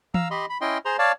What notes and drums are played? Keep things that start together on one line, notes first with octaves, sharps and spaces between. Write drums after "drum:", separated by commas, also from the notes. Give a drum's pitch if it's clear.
F5 A#5 E6, drum: tom E3
G4 D#5 B5 C6
B5
C#4 E4 D#5 G5 C6
G#4 C5 A#5 C6
C#5 D5 F5 A5